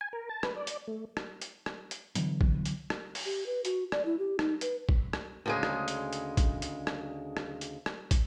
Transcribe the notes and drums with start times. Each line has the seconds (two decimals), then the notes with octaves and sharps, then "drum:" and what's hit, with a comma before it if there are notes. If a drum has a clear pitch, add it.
0.01 G#5
0.13 A#4
0.29 A5
0.43 B4, drum: rim click
0.56 D5
0.67 drum: hi-hat
0.87 A3
1.17 drum: rim click
1.42 drum: hi-hat
1.66 drum: rim click
1.91 drum: hi-hat
2.15 D3 E3 F#3 B3, drum: hi-hat
2.41 drum: kick
2.65 drum: hi-hat
2.90 drum: rim click
3.15 drum: open hi-hat
3.25 G4
3.46 B4
3.65 F#4, drum: hi-hat
3.92 D5, drum: rim click
4.05 E4
4.19 G4
4.39 D#4, drum: rim click
4.61 B4, drum: hi-hat
4.89 drum: kick
5.13 drum: rim click
5.46 D2 C#3 G#3
5.63 drum: rim click
5.88 drum: hi-hat
6.13 drum: hi-hat
6.37 drum: kick, hi-hat
6.62 drum: hi-hat
6.87 drum: rim click
7.37 drum: rim click
7.61 drum: hi-hat
7.86 drum: rim click
8.11 drum: kick, hi-hat